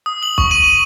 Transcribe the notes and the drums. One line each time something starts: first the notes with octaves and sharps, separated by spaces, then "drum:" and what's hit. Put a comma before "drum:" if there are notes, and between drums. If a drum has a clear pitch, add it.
D#6
F#7
C#6, drum: kick
D#7
F#7